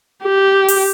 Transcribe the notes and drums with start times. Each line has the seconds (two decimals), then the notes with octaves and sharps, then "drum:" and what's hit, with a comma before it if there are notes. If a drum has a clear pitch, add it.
0.23 G4
0.68 drum: open hi-hat